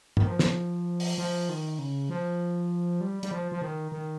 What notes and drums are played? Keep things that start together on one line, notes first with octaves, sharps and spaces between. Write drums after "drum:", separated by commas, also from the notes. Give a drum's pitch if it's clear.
D#3, drum: tom
F3
drum: snare
drum: open hi-hat
F3
D#3
C#3
F3
G3
G3, drum: hi-hat
F3
F3
D#3
D#3